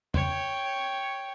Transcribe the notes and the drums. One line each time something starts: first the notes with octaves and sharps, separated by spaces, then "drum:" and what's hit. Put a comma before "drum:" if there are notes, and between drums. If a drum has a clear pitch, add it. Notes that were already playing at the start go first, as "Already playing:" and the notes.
C#5 G5, drum: tom E2